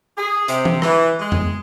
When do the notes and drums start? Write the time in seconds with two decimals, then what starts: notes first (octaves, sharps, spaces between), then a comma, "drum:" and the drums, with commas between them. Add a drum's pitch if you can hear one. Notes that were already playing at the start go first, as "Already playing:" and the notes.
0.17 G#4
0.48 C3, drum: hi-hat
0.65 drum: tom E3
0.82 E3, drum: rim click
1.19 G#3
1.32 drum: tom F2